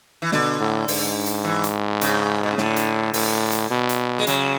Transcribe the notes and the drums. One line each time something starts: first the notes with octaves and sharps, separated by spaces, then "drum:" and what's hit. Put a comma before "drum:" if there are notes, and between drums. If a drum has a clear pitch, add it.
E3
B2 D3, drum: snare
A2
G#2, drum: open hi-hat
drum: hi-hat
E3
drum: hi-hat
C#3, drum: hi-hat
B2
C#3
A2 D3, drum: snare
drum: hi-hat
A2, drum: open hi-hat
drum: hi-hat
B2
drum: hi-hat
G#3
C#3 F#3, drum: hi-hat